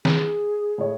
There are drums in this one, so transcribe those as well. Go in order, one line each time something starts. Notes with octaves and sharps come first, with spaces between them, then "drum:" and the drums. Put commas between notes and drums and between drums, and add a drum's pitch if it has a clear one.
G#4, drum: snare
A2 C#5